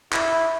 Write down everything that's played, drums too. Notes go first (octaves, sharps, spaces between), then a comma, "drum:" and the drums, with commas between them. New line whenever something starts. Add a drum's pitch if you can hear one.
E4, drum: clap